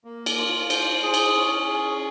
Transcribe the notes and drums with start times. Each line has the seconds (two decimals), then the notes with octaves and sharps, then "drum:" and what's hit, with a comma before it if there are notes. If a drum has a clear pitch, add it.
0.04 A#3
0.26 drum: cymbal
0.37 F4
0.70 C5, drum: cymbal
1.03 G#4
1.14 drum: cymbal
1.35 C#4
1.68 G#4